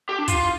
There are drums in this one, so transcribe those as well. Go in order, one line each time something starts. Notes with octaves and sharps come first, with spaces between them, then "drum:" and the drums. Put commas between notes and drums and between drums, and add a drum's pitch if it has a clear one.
G4
D4
F4, drum: kick, hi-hat